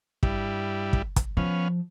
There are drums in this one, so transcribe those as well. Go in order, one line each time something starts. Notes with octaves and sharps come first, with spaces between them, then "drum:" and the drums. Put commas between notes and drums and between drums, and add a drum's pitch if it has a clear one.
G2 G3 E4, drum: kick
drum: kick
drum: kick, hi-hat
F3 B3 C#4 F5